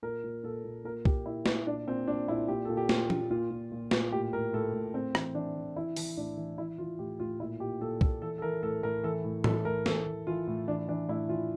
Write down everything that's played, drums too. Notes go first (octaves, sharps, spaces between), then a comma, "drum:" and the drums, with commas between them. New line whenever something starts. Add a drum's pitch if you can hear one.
A#2 A#4
A#2
A#2 A4
A#2
A#2 A#4
A#2 G4, drum: kick B1
A#2 E4
A#2 E4, drum: snare
A#2 D4
A#2 C4
A#2 D4
A#2 E4
A#2 G4
A#2 A4
G4
A#2 F4, drum: snare
A#2, drum: tom
A#2 F4
A#2
A#2
A#2, drum: snare
A2 G4
A2 A#4
A2 A4
A2
A2 C4
E3, drum: rim click
E3 D4
E3
E3 E4
E3, drum: open hi-hat
A2 D4
E3
E3 E4
E3 F4
A2 G4
A2 F4
A#2 E4
A#2 G4
A#2 A4
A#2 A4, drum: kick B1
E3 A4
A4
E3 A#4
A2 A4
A2 A#4
E3 A4
A2
E3 A4, drum: tom A2
A2 A#4
E3 A4, drum: snare
E3
E3 F4
A2
E3 D4
E3 D4
A2 E4
E3 F4